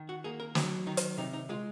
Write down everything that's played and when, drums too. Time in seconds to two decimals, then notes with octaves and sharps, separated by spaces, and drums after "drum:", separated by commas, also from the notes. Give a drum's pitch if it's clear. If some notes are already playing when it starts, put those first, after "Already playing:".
Already playing: D#3
0.09 F#4
0.24 A#3 G#4
0.40 A#4
0.55 F#3 C4, drum: snare
0.87 D#3 D#4
0.97 drum: hi-hat
1.18 C3 D#4
1.33 D#4
1.49 G#3 F4